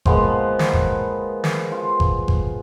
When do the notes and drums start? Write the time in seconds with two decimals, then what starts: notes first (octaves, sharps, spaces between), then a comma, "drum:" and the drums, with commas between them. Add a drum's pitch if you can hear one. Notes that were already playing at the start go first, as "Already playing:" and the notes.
0.05 F3 G#3 A#3 B3, drum: kick G1
0.59 drum: snare
0.73 drum: kick G1
1.44 drum: snare
1.72 F4
2.00 drum: kick G1
2.28 drum: kick G1